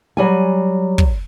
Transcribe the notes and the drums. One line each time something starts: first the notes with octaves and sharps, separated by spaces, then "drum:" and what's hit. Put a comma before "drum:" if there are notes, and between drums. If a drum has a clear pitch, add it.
F#3 G3 G#5
drum: kick